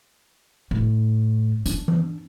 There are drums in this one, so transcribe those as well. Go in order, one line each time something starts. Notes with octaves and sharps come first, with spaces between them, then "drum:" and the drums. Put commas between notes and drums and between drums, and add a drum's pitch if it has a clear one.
A2
D4, drum: hi-hat
drum: tom E3